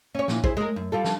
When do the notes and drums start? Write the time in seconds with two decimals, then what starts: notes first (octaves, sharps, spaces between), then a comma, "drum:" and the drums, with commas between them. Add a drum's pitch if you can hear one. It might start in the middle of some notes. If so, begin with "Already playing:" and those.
0.15 C#4 C#5
0.28 A#2 E3, drum: snare
0.44 E4 G#4 C5, drum: kick
0.57 G#3 A#4
0.76 F#2
0.92 G3 F4 A4
1.04 drum: snare